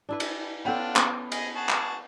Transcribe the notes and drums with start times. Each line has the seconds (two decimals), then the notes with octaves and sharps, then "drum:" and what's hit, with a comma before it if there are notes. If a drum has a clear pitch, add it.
0.09 D4 E4 B4
0.20 drum: cymbal
0.65 B3 C#4 D4 F4 A4 F#5 G5
0.96 B3, drum: clap
1.32 G#4 D#5, drum: cymbal
1.56 F#4 G#4 A5
1.69 drum: clap